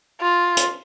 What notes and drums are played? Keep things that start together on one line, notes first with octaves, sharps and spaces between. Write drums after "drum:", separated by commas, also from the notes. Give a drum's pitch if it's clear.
F4
drum: hi-hat